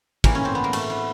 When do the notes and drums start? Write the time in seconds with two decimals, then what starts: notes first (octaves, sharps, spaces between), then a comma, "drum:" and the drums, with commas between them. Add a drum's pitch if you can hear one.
0.24 A2 E3 A#3, drum: kick, cymbal
0.35 C#4
0.45 C4
0.55 B3
0.64 A#3
0.73 A3, drum: cymbal
0.90 B3